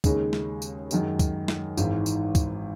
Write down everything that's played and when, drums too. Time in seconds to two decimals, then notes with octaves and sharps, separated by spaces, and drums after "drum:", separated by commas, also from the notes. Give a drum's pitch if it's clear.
0.04 D#2 C#3 G#3, drum: kick, tambourine
0.33 drum: snare
0.62 drum: tambourine
0.91 F#2 D#3 G#3, drum: tambourine
1.19 drum: kick, tambourine
1.48 drum: snare
1.77 G#1 G#2 E3, drum: tambourine
2.06 drum: tambourine
2.35 drum: kick, tambourine